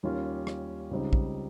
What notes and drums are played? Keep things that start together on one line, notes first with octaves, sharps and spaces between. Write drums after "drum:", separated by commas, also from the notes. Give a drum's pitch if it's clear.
D#2 D#3 G3 C#4 F4
drum: rim click
C#2 C#3 G3 C4 D#4
drum: kick